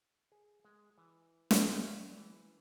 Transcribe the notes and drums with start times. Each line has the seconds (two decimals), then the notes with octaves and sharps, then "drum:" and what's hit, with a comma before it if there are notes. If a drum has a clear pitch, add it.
0.32 G#4
0.65 G#3
0.98 E3
1.51 drum: snare
1.75 C#5
2.17 E3